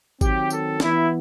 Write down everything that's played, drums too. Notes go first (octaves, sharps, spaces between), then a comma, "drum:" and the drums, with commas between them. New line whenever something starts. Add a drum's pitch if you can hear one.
D#3 F#3 C4 G4, drum: kick G#1, tambourine
A4, drum: tambourine
E3 B3 E4, drum: snare